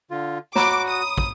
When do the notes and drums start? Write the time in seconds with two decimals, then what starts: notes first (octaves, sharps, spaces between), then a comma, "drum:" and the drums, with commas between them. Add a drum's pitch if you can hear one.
0.11 D3 F4
0.55 F#4 C#5 A#5 B5 D6, drum: snare
0.88 D#6
1.18 drum: kick